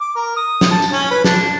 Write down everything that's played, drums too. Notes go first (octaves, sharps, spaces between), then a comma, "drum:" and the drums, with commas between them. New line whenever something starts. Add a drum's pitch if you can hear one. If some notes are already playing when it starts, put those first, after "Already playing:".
D6
A#4
D#6
drum: snare
A5
drum: tambourine
C#4
B4
D4, drum: snare